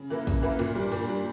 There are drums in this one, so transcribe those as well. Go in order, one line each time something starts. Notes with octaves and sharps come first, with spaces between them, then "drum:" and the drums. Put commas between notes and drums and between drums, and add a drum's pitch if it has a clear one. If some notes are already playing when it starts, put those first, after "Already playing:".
Already playing: C#3
E3 A#3 E4
C#3, drum: kick, hi-hat
E3 A#3 E4
A#2, drum: hi-hat
G3 D4
A#2, drum: hi-hat
G3 D4